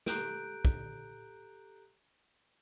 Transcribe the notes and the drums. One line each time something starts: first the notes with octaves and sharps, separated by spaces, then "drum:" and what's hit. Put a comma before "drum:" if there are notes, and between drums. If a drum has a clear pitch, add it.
G4 A4 A#5 F#6 G6 D7, drum: snare
drum: kick